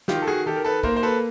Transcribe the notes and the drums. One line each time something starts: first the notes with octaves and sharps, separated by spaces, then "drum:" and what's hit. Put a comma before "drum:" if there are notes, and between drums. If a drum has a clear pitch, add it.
D#3 F4 G4, drum: snare
A4
F#4 G#4
D#3 G4 A4
A#4
A4 B4
A#3 A#4 C5, drum: kick
C5
A4 B4